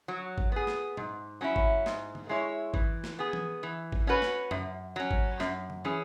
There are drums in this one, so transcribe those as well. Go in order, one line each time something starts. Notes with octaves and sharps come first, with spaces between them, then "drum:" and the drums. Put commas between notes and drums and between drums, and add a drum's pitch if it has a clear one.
F#3
drum: kick G#1
B3 G#4
drum: snare
G#2, drum: tom
F#3 C#4 E4
drum: kick G#1
G#2, drum: snare
drum: tom
G#3 E4 C#5
E3, drum: kick G#1
drum: snare
B3 G#4
drum: tom E3
E3
drum: kick G#1
C#4 F#4 B4
drum: snare
F#2, drum: tom
F#3 C#4
drum: kick G#1
F#2, drum: snare
drum: tom
E3 C#4 G#4